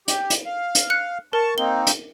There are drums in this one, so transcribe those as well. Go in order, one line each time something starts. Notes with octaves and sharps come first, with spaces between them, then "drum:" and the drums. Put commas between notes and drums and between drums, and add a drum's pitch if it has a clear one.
G4, drum: hi-hat
drum: hi-hat
F5
drum: hi-hat
F#6 C#7
A#4 A5 C#6
A#3 C4 D#4 G7
drum: hi-hat